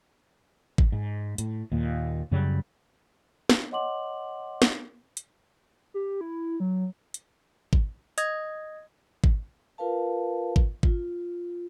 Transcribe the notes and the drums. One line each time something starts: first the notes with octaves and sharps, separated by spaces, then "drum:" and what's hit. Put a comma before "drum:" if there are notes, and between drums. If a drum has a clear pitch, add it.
drum: kick G#1
G#2
A2, drum: hi-hat
D#2 A#2
F#2 C#3 F#3 G3
drum: snare
C#5 D#5 F#5 C6 D6 F#7
drum: snare
drum: hi-hat
G4
E4
F#3
drum: hi-hat
drum: kick G#1
D#5 D#6 G#6 A#6, drum: hi-hat
drum: kick G#1
F4 A#4 B4 F5 A5
drum: kick G#1
F4, drum: kick G#1